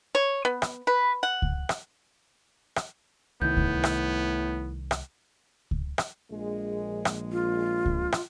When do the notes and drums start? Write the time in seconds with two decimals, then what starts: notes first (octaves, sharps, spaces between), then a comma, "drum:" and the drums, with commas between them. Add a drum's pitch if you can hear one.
0.15 C#5
0.45 B3
0.62 drum: rim click
0.87 B4
1.23 F#5
1.42 drum: kick C#2
1.69 drum: rim click
2.76 drum: rim click
3.42 C2 A2 D#3 B3 G6
3.57 drum: kick C#2
3.84 drum: rim click
4.91 drum: rim click
5.71 drum: kick C#2
5.98 drum: rim click
6.31 A#1 G#3
7.05 drum: rim click
7.32 F4
7.86 drum: kick C#2
8.12 drum: rim click